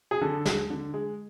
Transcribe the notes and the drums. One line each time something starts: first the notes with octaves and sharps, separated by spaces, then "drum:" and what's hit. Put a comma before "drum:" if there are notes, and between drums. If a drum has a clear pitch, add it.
G#4
D3 A4
G#3, drum: snare
D3
G#3